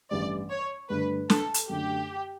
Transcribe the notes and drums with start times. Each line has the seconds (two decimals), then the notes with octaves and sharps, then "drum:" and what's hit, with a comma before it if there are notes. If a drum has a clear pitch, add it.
0.11 A1 G2 E3 G3 D5
0.51 C#5
0.90 G2 D3 A3 B4
1.30 A4, drum: snare
1.54 drum: hi-hat
1.69 F#2 D3 A3 G4